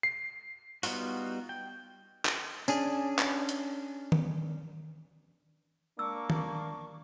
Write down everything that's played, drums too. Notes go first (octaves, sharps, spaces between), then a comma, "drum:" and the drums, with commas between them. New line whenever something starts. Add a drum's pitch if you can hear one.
C7
G3 B3 D#4 F4 F#4, drum: open hi-hat
G5
drum: clap
C#4 D4 G#4, drum: tambourine
drum: clap
drum: hi-hat
drum: tom D#3
A#3 D4 C#6 D6 E6
drum: tom D#3